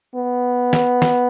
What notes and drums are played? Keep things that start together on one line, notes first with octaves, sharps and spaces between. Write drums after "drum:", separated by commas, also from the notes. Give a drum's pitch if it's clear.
B3
drum: snare
drum: snare